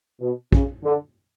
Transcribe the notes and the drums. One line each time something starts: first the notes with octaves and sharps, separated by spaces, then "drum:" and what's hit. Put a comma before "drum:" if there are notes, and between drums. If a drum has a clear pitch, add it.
B2
C#3, drum: kick
D3